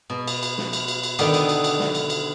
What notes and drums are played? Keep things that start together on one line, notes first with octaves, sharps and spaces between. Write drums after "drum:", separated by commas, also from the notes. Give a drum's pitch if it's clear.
B2
drum: cymbal
drum: cymbal
drum: snare
drum: cymbal
drum: cymbal
drum: cymbal
D3 D#3 B3 D4, drum: cymbal
drum: cymbal
drum: cymbal
drum: cymbal
drum: snare
drum: cymbal
drum: cymbal